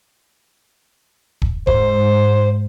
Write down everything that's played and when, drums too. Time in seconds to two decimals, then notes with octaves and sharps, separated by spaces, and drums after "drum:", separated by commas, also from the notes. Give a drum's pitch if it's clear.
1.42 drum: kick
1.67 G#2 C5, drum: kick